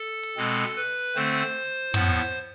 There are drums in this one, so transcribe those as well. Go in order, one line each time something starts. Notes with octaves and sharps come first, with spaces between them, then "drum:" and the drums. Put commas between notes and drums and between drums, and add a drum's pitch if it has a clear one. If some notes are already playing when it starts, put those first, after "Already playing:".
Already playing: A4
drum: open hi-hat
B2 G#3 C4
B4
D3 A3 C4 C5
A2 F3 B3, drum: tom